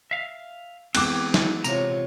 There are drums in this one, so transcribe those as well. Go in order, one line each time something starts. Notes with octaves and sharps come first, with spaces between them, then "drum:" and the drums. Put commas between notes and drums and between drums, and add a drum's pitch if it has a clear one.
E5 F5
E3 G#3 B3 C4 D6 F#6, drum: cymbal
drum: snare
C3 F4 C#5 A#5, drum: tambourine